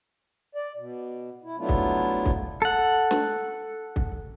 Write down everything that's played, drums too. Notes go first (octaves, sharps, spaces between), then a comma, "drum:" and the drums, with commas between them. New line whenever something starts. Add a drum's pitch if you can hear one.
D5
B2
E4
F#3 A3 B3 D4 E4 F4
drum: kick
drum: kick
A4 F#5
drum: snare
drum: kick